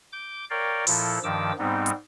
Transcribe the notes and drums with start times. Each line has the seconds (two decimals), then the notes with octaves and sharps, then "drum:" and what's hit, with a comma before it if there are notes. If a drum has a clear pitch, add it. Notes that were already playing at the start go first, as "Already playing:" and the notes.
0.12 D6 G6
0.50 A#4 C#5 D5 F5 G5
0.87 A#2 F3 E4 A4, drum: open hi-hat
1.24 G2 D#3 F3 D6 E6
1.59 G#2 G3 B3 C4 D#4
1.86 drum: hi-hat